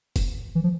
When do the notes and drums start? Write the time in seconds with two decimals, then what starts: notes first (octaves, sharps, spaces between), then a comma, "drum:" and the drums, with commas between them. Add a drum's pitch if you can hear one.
0.16 drum: kick, open hi-hat
0.55 E3
0.64 F3